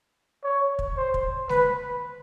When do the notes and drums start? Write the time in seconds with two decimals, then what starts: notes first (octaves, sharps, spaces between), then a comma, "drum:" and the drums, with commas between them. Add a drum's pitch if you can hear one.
0.44 C#5
0.79 drum: kick
0.97 C5
1.14 drum: kick
1.49 B4, drum: snare G#3